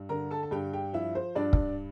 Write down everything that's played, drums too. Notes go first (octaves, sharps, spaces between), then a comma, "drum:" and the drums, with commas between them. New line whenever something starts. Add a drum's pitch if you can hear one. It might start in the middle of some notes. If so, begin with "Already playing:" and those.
Already playing: G2
D3 A#4 A#5
A4 A5
A5
G2 G4 G5
G4 G5
F3 E4 E5
C5
G2 D4 D5
drum: kick